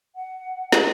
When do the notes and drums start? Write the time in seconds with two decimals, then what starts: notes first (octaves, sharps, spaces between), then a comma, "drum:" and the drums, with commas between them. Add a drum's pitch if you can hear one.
0.15 F#5
0.72 drum: snare